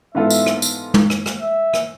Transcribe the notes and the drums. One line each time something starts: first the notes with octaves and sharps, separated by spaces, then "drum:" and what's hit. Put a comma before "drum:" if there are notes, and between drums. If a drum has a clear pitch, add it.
G#2 E3 B3 F4 A4 E5
drum: tambourine
drum: rim click
drum: tambourine
drum: tom
drum: rim click
drum: rim click
E5
drum: rim click